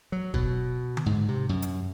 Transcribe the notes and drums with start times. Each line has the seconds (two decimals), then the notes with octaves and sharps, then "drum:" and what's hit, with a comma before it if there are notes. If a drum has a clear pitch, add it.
0.12 F#3
0.34 B2, drum: kick
0.97 drum: tom D3
1.06 G#2
1.28 C3
1.49 F#2
1.62 drum: hi-hat